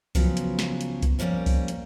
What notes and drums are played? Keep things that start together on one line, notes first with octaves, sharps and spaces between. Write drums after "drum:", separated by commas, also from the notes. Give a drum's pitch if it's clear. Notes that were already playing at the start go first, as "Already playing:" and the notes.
C#3 F3 F#3 B3, drum: kick C2, open hi-hat
drum: hi-hat
drum: snare
drum: hi-hat
drum: kick C2, hi-hat
F3 G3 A#3 C4 C#4
drum: kick C2, open hi-hat
drum: hi-hat